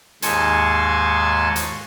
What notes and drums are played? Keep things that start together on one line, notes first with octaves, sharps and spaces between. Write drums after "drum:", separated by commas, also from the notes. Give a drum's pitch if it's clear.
D#2 G#2 G#5 A5 C6 C#6, drum: hi-hat
drum: hi-hat